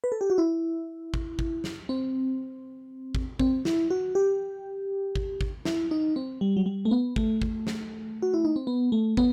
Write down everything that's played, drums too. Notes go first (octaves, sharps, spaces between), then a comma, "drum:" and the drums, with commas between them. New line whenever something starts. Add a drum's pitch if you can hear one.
B4
A4
G4
F#4
E4
drum: kick
drum: kick
drum: snare
C4
drum: kick
C4, drum: kick
E4, drum: snare
F#4
G4
drum: kick
drum: kick
E4, drum: snare
D#4
C4
G3
F#3
G3
A3
B3
A3, drum: kick
drum: kick
drum: snare
F#4
E4
D#4
C4
B3
A3
B3, drum: kick